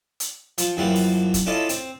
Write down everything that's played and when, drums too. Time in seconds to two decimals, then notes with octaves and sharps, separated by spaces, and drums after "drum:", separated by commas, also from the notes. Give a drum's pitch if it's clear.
0.20 drum: hi-hat
0.58 F3, drum: hi-hat
0.77 F#2 E3 F3 G3 A#3 F#4
0.96 drum: open hi-hat
1.34 drum: kick, hi-hat
1.46 C#4 E4 F4 A4 D5 D#5
1.69 C4, drum: hi-hat